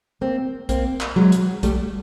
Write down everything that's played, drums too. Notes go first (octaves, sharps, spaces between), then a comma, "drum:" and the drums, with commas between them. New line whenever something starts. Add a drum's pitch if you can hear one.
A#3 C4
A#3 C4, drum: kick, hi-hat
drum: clap
F#3 G#3
drum: hi-hat
G3 A3, drum: kick, hi-hat